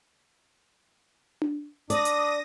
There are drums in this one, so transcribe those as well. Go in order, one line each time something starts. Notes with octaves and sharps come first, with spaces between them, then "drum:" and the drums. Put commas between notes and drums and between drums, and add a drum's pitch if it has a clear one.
drum: tom D4
D4 D5 D#6 A#6, drum: hi-hat
drum: hi-hat